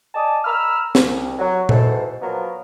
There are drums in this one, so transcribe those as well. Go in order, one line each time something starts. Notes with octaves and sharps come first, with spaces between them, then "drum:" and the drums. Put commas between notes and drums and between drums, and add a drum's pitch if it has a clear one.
D5 D#5 G#5 A5 D#6
A#5 B5 E6 F6
C2, drum: snare
F#3
G#2 B2 E3 A4 C5, drum: tom A#2
F3 F#3 A#3 B3 A#4